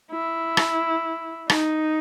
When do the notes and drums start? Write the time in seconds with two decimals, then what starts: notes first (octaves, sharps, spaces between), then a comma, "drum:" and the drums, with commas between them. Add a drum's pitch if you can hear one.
0.12 E4
0.57 drum: rim click
1.50 D#4, drum: rim click